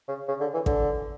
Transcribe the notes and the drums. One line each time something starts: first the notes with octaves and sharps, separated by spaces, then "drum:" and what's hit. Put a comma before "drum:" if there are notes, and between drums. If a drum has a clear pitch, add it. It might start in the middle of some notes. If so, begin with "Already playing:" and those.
C#3
C#3
D3
E3
D3, drum: kick